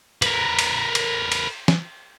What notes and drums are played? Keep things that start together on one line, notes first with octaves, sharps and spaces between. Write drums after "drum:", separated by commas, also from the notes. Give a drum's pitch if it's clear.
A#4 B4, drum: cymbal
drum: cymbal
drum: cymbal
drum: cymbal
drum: snare